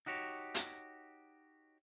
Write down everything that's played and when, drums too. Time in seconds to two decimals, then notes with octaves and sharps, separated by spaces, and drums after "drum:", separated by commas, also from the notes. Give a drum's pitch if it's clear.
0.06 D#4 F#4 G4 C#5
0.55 drum: hi-hat